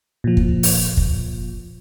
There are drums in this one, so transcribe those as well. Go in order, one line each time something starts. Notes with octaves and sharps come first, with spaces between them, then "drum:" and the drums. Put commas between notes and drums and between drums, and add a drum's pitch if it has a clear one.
A#2 F3
drum: kick
drum: open hi-hat
drum: kick